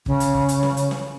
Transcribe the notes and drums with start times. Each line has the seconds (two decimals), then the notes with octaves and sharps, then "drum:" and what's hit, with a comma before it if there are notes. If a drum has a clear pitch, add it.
0.06 C#3, drum: kick
0.20 drum: hi-hat
0.34 drum: kick
0.49 drum: hi-hat
0.63 drum: snare
0.77 drum: hi-hat
0.91 drum: snare